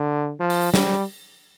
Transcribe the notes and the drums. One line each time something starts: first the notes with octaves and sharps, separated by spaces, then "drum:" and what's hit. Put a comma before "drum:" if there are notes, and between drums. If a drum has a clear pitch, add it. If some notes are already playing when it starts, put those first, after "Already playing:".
Already playing: D3
F3
drum: open hi-hat
G3, drum: snare